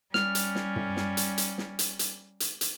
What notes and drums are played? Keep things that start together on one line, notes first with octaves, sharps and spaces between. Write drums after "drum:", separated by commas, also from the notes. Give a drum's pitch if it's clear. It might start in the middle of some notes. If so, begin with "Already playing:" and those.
G3 C#4 F6, drum: snare
drum: hi-hat
drum: snare
drum: tom
drum: snare
drum: hi-hat
drum: hi-hat
drum: snare
drum: hi-hat
drum: hi-hat
drum: hi-hat
drum: hi-hat